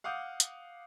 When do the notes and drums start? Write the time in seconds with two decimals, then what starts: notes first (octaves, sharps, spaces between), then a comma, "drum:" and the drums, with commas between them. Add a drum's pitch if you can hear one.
0.04 F5 F#5 D6 D#6 G6
0.40 drum: hi-hat